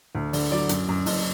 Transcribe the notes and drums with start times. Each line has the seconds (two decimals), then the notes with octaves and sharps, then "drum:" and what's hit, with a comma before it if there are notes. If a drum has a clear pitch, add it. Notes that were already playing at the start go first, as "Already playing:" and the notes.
0.15 D2
0.33 D3 D5, drum: open hi-hat
0.51 F#3 D5
0.69 F#2, drum: hi-hat
0.89 F#2
1.06 F#1, drum: open hi-hat